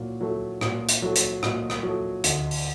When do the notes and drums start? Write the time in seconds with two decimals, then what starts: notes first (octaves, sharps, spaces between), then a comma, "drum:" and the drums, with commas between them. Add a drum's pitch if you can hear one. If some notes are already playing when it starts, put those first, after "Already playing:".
Already playing: A#2 F#3
0.21 F#3 A3
0.61 A#2, drum: rim click
0.89 drum: hi-hat
1.02 F#3 A3
1.16 drum: hi-hat
1.43 A#2 D#5, drum: rim click
1.70 drum: rim click
1.83 F#3
1.88 A3
2.24 D2 D#5, drum: hi-hat
2.51 drum: open hi-hat